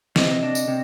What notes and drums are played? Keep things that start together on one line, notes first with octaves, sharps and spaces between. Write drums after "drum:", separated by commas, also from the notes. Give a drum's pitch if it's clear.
C3 D#5, drum: snare
D4
drum: tambourine
C3